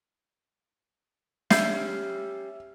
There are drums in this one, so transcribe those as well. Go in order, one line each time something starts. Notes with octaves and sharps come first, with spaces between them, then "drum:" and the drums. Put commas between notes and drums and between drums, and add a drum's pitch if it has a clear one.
G3 C#4 E5 G6 C7, drum: snare